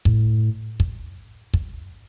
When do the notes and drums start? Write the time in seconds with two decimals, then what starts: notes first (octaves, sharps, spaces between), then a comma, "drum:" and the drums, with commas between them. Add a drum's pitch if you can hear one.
0.05 A2, drum: kick
0.80 drum: kick
1.54 drum: kick